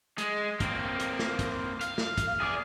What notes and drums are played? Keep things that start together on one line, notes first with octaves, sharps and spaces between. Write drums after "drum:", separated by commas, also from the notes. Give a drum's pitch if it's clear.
G#3, drum: hi-hat
A#3 C4, drum: kick, hi-hat
drum: hi-hat
drum: snare
drum: kick, hi-hat
F5, drum: hi-hat
drum: snare
drum: kick, hi-hat
G#4 D5